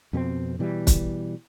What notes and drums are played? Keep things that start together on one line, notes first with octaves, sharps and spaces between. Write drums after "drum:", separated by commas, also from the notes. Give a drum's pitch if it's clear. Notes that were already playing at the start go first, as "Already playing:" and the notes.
F2 B2 B3 C4
B2 E3 G3
drum: kick, hi-hat